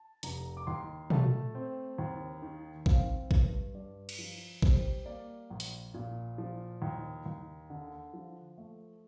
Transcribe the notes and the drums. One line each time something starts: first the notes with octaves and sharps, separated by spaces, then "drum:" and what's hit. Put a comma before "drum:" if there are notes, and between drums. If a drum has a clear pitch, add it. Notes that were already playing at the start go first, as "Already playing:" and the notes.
Already playing: A5
F1 A#5, drum: hi-hat
D6
D#2 C6
A3 A5, drum: tom
C4
D#2
D#3
C4 F5, drum: kick A1
G2, drum: kick A1
G2 D5
drum: cymbal
F3
G3 C5, drum: kick A1
A#3 D5
A#1
drum: hi-hat
A#2
F3
D#2
D#2
D3
F3
A3